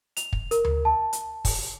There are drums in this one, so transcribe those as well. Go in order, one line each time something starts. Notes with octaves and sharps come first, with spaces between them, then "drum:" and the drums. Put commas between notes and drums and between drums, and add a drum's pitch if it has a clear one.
F7, drum: hi-hat
drum: kick
A#4, drum: hi-hat
drum: tom D2
A5
drum: hi-hat
drum: kick, open hi-hat